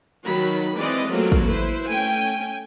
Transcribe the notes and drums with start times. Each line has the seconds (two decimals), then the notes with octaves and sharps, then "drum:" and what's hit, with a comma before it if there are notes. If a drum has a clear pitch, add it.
0.25 D#3 F#3 F#4 B5
0.76 E3 G#3 C4 B4 D5 D#5
1.12 F#3 A3 A#3 C4 F4 A#4
1.32 drum: kick
1.47 E4 B4 C5
1.90 A3 C#4 G5 G#5